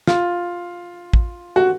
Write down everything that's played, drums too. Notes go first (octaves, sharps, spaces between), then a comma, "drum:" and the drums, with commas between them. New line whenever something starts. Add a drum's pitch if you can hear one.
F4, drum: snare
drum: kick
F#4